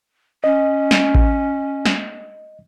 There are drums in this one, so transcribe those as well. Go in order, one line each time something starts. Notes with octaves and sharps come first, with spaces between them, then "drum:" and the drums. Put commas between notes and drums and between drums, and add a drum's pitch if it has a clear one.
C#4 D#5
drum: snare
drum: kick A1
drum: snare